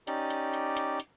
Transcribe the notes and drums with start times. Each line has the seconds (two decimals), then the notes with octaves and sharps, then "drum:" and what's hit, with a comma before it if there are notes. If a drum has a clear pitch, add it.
0.07 C#4 D#4 G4 D5, drum: hi-hat
0.30 drum: hi-hat
0.54 drum: hi-hat
0.77 drum: hi-hat
1.00 drum: hi-hat